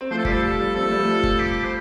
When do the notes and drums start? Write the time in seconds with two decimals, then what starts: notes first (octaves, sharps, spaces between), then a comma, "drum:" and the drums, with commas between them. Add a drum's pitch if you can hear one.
0.01 C4
0.11 F3 A3 C5
0.18 A4
0.25 G3 G4, drum: kick F#1
0.32 A4
0.42 F3 A4
0.59 G3
0.75 C4 A4
0.83 A3
0.91 G3
0.99 F3 A3
1.23 drum: kick F#1
1.39 G4
1.65 C5